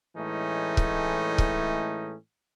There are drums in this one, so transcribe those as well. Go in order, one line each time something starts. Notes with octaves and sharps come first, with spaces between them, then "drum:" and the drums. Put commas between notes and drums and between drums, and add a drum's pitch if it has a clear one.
A2 E3 G#3 A3 C#4 D#4
drum: kick
drum: kick